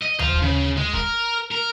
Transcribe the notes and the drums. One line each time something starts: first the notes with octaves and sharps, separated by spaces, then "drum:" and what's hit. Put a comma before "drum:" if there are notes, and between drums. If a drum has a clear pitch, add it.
D#5
C5 F5, drum: tom D#2
drum: kick
C#3
G#3
A#4, drum: kick
A#4